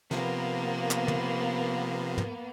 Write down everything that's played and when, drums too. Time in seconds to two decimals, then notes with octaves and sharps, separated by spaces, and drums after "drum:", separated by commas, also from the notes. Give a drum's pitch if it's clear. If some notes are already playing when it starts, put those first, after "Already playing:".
0.11 C3 F3 A#3 B3, drum: snare
0.91 drum: clap
1.08 drum: tom
2.18 drum: tom